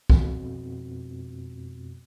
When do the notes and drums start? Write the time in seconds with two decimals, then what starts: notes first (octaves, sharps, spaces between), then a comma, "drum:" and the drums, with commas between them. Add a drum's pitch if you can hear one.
0.10 F2 B2, drum: kick